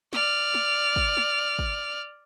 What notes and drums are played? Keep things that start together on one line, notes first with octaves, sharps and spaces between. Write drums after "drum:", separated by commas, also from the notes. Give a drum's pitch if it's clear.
D5 F6, drum: snare
drum: snare
drum: kick
drum: snare
drum: kick